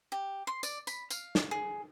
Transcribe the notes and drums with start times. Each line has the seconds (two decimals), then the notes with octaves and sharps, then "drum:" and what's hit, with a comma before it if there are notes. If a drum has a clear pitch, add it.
0.12 G4
0.47 C6
0.63 D5, drum: tambourine
0.87 B5, drum: tambourine
1.10 F5, drum: tambourine
1.35 drum: snare
1.51 G#4